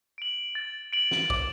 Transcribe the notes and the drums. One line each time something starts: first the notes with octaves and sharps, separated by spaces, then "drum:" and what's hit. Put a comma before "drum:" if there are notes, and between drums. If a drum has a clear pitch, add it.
D7 F#7
A6
D7 F#7
drum: snare
D6, drum: kick